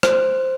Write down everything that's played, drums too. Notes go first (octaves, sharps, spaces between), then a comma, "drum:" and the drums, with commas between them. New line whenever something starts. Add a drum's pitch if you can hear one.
C5, drum: rim click